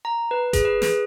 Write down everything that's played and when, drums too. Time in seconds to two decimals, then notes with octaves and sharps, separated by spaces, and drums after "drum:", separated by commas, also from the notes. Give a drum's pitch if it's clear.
0.05 A#5
0.31 B4
0.53 G#4, drum: kick G1, hi-hat
0.65 B4
0.82 G#4, drum: snare